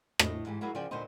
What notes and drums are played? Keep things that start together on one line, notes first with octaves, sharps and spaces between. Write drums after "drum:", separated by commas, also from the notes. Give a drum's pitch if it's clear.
A2 E4 D#5, drum: rim click
G#2 E3 G4
F#3 A#3 E4 F#4 G#4 B4
C#3 F3 D5 F#5 G5
D#2 A#2 D3 B3 C5 D#5